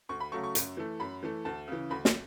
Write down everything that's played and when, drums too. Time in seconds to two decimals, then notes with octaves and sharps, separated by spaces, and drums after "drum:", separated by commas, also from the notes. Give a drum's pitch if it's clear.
0.09 D2 C#6
0.20 B5
0.32 C#3 F#3 A3 C#6
0.44 C#6
0.55 F#2, drum: hi-hat
0.77 E3 A3
1.00 F#2 B5
1.23 E3 A3
1.45 D2 A5
1.68 C#3 E3
1.90 D2 B5
2.05 drum: snare